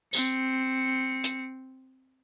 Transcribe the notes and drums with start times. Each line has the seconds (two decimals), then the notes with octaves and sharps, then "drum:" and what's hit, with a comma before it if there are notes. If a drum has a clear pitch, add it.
0.13 C4 C#7, drum: tambourine
1.24 drum: hi-hat